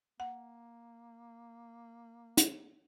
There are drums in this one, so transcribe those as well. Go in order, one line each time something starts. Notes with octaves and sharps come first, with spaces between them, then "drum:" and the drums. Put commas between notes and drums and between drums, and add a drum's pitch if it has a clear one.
A#3 F#5
drum: hi-hat